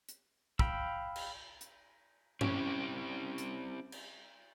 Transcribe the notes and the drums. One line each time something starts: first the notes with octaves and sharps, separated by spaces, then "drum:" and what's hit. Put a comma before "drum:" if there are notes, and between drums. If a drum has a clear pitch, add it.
drum: hi-hat
F5 G5 B5 E6, drum: kick
drum: cymbal
drum: hi-hat
C4 C#4 E4 G4, drum: tom G2
drum: hi-hat
drum: cymbal